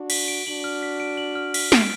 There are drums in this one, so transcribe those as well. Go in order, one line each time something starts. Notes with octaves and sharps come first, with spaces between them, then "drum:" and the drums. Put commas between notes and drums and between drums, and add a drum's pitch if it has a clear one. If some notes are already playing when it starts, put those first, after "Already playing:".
Already playing: D4 F#4
B6, drum: cymbal
D7
D4 F#4 F#7
F6
B6
D7
F#7
F6
B6, drum: cymbal
D7, drum: snare